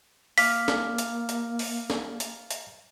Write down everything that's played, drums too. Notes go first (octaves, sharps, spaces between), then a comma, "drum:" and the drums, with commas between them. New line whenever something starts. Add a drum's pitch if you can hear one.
A#3 F5 D6 F6 B6, drum: open hi-hat
drum: snare
drum: hi-hat
drum: hi-hat
drum: open hi-hat
drum: snare
drum: hi-hat
drum: hi-hat